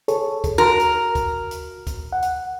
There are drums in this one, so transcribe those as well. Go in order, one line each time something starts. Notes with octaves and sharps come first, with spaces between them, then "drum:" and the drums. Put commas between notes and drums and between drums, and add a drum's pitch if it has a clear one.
G#4 A4 C#5, drum: hi-hat
drum: kick, hi-hat
F#4 A#4
drum: hi-hat
drum: kick, hi-hat
drum: hi-hat
drum: kick, hi-hat
F#5
drum: hi-hat